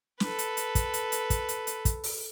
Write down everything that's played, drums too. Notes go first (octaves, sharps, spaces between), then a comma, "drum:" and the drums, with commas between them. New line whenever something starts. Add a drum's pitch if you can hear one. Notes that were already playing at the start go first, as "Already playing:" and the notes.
A4 B4, drum: snare
drum: hi-hat
drum: hi-hat
drum: kick, hi-hat
drum: hi-hat
drum: hi-hat
drum: kick, hi-hat
drum: hi-hat
drum: hi-hat
drum: kick, hi-hat
drum: open hi-hat